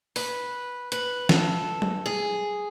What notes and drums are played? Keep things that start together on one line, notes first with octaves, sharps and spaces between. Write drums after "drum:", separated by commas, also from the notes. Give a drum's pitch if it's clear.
B4, drum: open hi-hat
B4, drum: hi-hat
A4, drum: snare
drum: tom
G#4